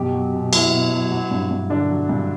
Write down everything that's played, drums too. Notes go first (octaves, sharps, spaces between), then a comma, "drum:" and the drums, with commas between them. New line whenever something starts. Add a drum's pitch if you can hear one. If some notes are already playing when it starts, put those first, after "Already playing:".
Already playing: F#2 B2 G4
F#3
B2
F#3 E4, drum: cymbal
B2
F#3
F#3
G2
G2
D3 D4
F#3
G2